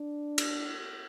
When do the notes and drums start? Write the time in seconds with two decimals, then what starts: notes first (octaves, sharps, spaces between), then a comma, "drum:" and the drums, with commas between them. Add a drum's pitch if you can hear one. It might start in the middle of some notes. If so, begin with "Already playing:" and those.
Already playing: D4
0.38 drum: cymbal